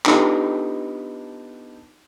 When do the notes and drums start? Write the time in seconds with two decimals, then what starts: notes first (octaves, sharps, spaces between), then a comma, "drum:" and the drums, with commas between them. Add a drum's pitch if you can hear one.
0.06 B3 D4 D#4 F4 G4 A4, drum: clap